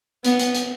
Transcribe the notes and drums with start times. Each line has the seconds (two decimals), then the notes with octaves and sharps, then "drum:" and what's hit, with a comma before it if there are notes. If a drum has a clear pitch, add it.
0.25 B3, drum: hi-hat
0.39 drum: hi-hat
0.55 drum: hi-hat